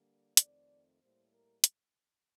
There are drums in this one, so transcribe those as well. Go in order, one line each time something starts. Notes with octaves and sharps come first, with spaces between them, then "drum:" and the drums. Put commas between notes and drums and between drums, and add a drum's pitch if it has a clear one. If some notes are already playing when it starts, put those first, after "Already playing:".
Already playing: D3 G3 A#3
F2 D#3 A3 C4 D5, drum: hi-hat
A2 G3 A#3 C5
A#4
drum: hi-hat